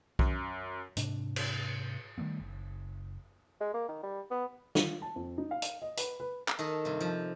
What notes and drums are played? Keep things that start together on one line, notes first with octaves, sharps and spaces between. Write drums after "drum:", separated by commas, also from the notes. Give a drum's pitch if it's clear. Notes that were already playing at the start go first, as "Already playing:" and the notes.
F#2, drum: kick B1
G#2 C3 D4, drum: hi-hat
drum: cymbal
D#3 G3 A3 B3
F#1
G#3
A#3
D#3
G3
B3
F4, drum: snare
A5
F2
D#4
F5
drum: hi-hat
D#5
B4, drum: hi-hat
B4
drum: clap
D#3 A4 D#5
G2 C3
F3